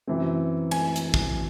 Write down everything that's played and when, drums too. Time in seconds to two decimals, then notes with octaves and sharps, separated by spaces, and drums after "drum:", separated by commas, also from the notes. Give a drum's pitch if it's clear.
0.07 F#2 E3 C4
0.71 G#5, drum: cymbal
0.96 drum: hi-hat
1.14 drum: kick